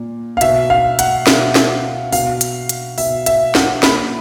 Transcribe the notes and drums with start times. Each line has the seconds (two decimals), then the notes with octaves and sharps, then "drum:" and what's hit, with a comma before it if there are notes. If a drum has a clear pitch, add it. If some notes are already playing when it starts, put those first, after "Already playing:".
Already playing: A#2
0.37 F5
0.41 B2 E5, drum: hi-hat
0.70 F5
0.99 F#5, drum: hi-hat
1.27 B2, drum: snare
1.55 drum: snare
2.13 B2 F5, drum: open hi-hat
2.41 drum: hi-hat
2.69 drum: hi-hat
2.98 B2 E5, drum: open hi-hat
3.26 E5, drum: hi-hat
3.55 F#5, drum: snare
3.83 A#2 B5, drum: snare